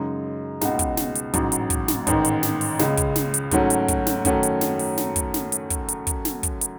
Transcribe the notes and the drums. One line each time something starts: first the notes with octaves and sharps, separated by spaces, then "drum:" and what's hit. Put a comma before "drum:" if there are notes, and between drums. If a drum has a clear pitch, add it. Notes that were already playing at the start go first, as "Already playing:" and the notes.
Already playing: F#2 C#3 G#3 D#4
C#2 B2 G#3 D#4 F#4, drum: snare
drum: kick, hi-hat
drum: snare
drum: hi-hat
A1 G#2 F#3, drum: kick, hi-hat
drum: hi-hat
drum: kick, hi-hat
drum: snare
A1 G#2 D#3, drum: kick, hi-hat
drum: hi-hat
drum: snare
drum: open hi-hat
C#2 C#3 G#3, drum: snare
drum: kick, hi-hat
drum: snare
drum: hi-hat
G#2 F#3 A3 C#4 F#4, drum: kick, hi-hat
drum: hi-hat
drum: kick, hi-hat
drum: snare
F#2 D#3 A3 C#4 F#4, drum: kick, hi-hat
drum: hi-hat
drum: snare
drum: open hi-hat
drum: snare
drum: kick, hi-hat
drum: snare
drum: hi-hat
drum: kick, hi-hat
drum: hi-hat
drum: kick, hi-hat
drum: snare
drum: kick, hi-hat
drum: hi-hat